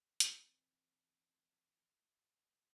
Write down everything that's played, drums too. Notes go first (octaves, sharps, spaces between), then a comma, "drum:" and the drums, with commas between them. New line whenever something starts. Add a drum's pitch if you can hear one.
E3 C4, drum: hi-hat